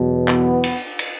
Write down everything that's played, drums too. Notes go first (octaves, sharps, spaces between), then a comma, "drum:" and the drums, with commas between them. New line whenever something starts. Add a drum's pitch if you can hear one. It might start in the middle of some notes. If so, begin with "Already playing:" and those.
Already playing: E2 B2 F#3
B3, drum: clap
drum: cymbal
drum: cymbal